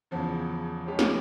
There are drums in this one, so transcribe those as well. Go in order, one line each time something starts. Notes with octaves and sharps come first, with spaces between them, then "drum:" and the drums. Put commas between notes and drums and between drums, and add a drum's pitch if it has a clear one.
E2 C#3 F3
C#3 F3 G#3 C#4 G4
drum: snare